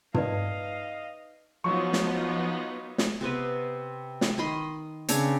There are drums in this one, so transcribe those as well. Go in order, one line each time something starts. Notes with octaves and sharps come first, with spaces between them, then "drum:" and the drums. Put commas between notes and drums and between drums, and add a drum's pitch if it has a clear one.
D#4 B4 D5 D#5 F5, drum: tom
F3 F#3 B3 D#4 F4 C#6
drum: snare
drum: snare
C3 B3 C4 B4
drum: snare
D#3 D#5 B5 C6
C#3 C4 D4 C#5, drum: hi-hat